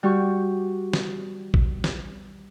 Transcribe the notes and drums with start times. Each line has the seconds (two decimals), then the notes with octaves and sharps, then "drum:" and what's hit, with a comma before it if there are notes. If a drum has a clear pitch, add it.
0.03 G3 F#4 G4 C#6
0.93 drum: snare
1.54 drum: kick
1.84 drum: snare